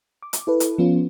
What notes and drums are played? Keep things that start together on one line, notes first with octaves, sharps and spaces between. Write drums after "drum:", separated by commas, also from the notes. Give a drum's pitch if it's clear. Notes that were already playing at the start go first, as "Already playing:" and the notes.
D6
drum: hi-hat
E4 A4 B4
drum: hi-hat
F3 B3 C#4 F4